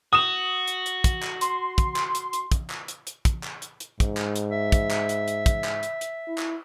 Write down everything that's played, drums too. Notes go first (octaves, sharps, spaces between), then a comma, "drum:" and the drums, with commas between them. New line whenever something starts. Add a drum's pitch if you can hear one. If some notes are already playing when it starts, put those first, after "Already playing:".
F#4 D#6 E7
drum: hi-hat
drum: hi-hat
drum: kick, hi-hat
drum: clap
C6, drum: hi-hat
drum: kick, hi-hat
drum: clap
drum: hi-hat
drum: hi-hat
drum: kick, hi-hat
drum: clap
drum: hi-hat
drum: hi-hat
drum: kick, hi-hat
drum: clap
drum: hi-hat
drum: hi-hat
G#2, drum: kick, hi-hat
drum: clap
drum: hi-hat
E5
drum: kick, hi-hat
drum: clap
drum: hi-hat
drum: hi-hat
drum: kick, hi-hat
drum: clap
drum: hi-hat
drum: hi-hat
E4
drum: clap